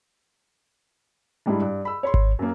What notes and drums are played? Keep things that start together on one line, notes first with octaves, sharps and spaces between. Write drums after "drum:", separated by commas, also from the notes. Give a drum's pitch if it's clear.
G#2 G3 D4 E4
G2
B5 E6
C#5 B5 C6
drum: kick G#1
F#2 A#3